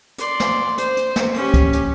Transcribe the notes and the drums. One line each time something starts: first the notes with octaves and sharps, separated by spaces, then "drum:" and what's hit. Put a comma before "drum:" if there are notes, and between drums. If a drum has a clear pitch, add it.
D5 C6, drum: hi-hat
drum: snare
C5, drum: hi-hat
drum: hi-hat
drum: snare
C#4 G4, drum: open hi-hat
drum: kick, hi-hat
drum: hi-hat